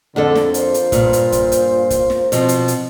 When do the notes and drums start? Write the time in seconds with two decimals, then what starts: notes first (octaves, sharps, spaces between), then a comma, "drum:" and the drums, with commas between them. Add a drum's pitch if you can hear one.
0.16 F2 D3 D4 A4
0.35 drum: snare
0.54 F4 A#4 C5, drum: hi-hat
0.74 drum: hi-hat
0.92 G2 A#2, drum: kick, hi-hat
1.13 drum: hi-hat
1.32 drum: kick, hi-hat
1.52 drum: hi-hat
1.90 drum: kick, hi-hat
2.10 drum: snare
2.32 B2 F3 C4, drum: hi-hat
2.49 drum: hi-hat
2.68 drum: hi-hat